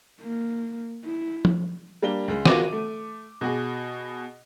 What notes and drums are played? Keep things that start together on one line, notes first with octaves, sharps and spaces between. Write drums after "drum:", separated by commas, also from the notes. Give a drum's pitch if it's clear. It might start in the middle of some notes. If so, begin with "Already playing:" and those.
A#3
E4
drum: tom
G3 A#3 D4 G7
C#2 G#3
F4 F#4 A#4 D6 D#7, drum: snare
A3
B2 F#4 G#4